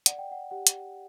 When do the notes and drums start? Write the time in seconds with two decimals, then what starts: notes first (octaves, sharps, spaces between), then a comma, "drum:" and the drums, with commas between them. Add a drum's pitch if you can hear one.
0.06 D5 F#5, drum: hi-hat
0.18 G5
0.31 F#5
0.51 G4 F#5
0.67 drum: hi-hat